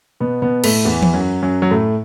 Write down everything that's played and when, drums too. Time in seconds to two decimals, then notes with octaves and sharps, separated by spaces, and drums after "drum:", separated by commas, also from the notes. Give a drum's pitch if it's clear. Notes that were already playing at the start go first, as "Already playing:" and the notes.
0.20 B2 B3
0.42 B2 B3
0.64 A2 A3, drum: cymbal
0.85 E2 E3
1.02 drum: tom E3
1.14 F#2 F#3
1.43 F#2 F#3
1.62 F#3
1.71 A2 A3